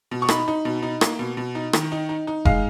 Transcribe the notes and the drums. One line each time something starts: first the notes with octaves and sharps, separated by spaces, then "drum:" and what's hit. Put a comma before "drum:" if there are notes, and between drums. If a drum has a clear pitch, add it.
B2
C#6
D#4 B5, drum: rim click
D#4
B2
D#4
A#3, drum: rim click
B2
B2
D#4
D#3, drum: rim click
D#4
D#4
D#4
G#3 F5, drum: kick F1